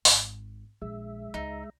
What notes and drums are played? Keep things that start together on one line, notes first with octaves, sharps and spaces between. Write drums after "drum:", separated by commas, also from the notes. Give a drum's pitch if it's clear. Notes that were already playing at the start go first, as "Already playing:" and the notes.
G#1, drum: open hi-hat
A#1 G#3 E5
C#2 D#4